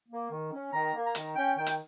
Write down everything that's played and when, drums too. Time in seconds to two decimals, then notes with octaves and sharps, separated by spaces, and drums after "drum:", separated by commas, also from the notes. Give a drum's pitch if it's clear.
0.09 A#3
0.31 D#3
0.52 C#4
0.72 D#3 A#5
0.93 A#3
1.04 A#5
1.15 D#3, drum: hi-hat
1.35 C#4 G5
1.56 D#3 G5
1.67 drum: hi-hat